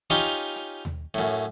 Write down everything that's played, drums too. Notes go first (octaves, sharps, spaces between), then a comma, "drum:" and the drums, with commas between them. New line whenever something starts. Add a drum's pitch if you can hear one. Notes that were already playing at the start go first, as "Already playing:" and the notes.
C#4 D#4 F4 G4
drum: hi-hat
drum: tom D#2
F#2 A2